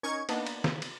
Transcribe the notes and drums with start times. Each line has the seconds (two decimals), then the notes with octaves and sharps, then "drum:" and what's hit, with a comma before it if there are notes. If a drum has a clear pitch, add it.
0.03 C#4 D#4 A#4 C#6 G#6
0.29 A#3 B3 D4 D#4, drum: cymbal
0.46 drum: cymbal
0.64 drum: snare
0.82 drum: cymbal